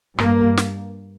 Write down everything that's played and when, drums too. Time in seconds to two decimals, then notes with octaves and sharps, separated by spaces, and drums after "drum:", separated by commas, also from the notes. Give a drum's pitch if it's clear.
0.18 G2 A#3, drum: rim click
0.57 drum: snare